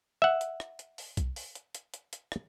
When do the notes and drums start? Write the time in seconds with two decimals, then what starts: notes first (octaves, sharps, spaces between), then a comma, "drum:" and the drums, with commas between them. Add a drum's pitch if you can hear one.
0.22 E5 F#5
0.41 drum: hi-hat
0.60 drum: rim click
0.79 drum: hi-hat
0.98 drum: open hi-hat
1.17 drum: kick B1, hi-hat
1.36 drum: open hi-hat
1.55 drum: hi-hat
1.75 drum: hi-hat
1.94 drum: hi-hat
2.13 drum: hi-hat
2.32 drum: rim click